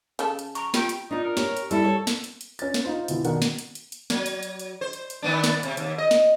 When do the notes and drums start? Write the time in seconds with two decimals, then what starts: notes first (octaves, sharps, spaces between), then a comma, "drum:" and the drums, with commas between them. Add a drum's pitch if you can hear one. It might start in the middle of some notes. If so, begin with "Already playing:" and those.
0.19 C#3 A4 A5, drum: hi-hat
0.39 drum: hi-hat
0.55 A#5 C#6, drum: hi-hat
0.74 F4 G4 G5, drum: snare
0.89 drum: hi-hat
1.11 D4 D#4 F4
1.24 A#4
1.37 G4 C#5, drum: snare
1.57 drum: hi-hat
1.71 G3 E4 A4, drum: hi-hat
1.84 C#5
2.07 drum: snare
2.24 drum: hi-hat
2.41 drum: hi-hat
2.59 C#4 A6, drum: hi-hat
2.74 drum: snare
2.84 D#4 F4 C5
3.08 B2 D3 E3, drum: hi-hat
3.25 B2 D#3 D4 F#5, drum: hi-hat
3.42 drum: snare
3.59 drum: hi-hat
3.75 drum: hi-hat
3.92 drum: hi-hat
4.10 F#3, drum: snare
4.26 drum: hi-hat
4.43 drum: hi-hat
4.59 drum: hi-hat
4.81 C5
4.93 drum: hi-hat
5.10 drum: hi-hat
5.22 D#3 B3 D4
5.44 drum: snare
5.63 C3, drum: hi-hat
5.77 D#2, drum: hi-hat
5.98 D#5
6.11 drum: snare